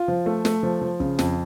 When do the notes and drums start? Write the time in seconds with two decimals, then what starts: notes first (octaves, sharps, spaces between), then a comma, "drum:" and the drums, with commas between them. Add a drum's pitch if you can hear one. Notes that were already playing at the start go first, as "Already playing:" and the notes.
Already playing: F4
0.08 F3
0.26 A3
0.45 A3, drum: snare
0.63 F3
0.81 F3
1.00 C#3, drum: kick
1.19 F2, drum: snare